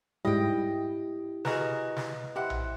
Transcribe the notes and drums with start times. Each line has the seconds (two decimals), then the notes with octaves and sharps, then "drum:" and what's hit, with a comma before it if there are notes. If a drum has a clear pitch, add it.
0.25 G#2 G3 E4 G4 D#5 G5
1.45 F#4 G#4 A#4 B4 D#5, drum: snare
1.96 drum: snare
2.36 E4 G4 C5 F#5
2.50 drum: tom A#1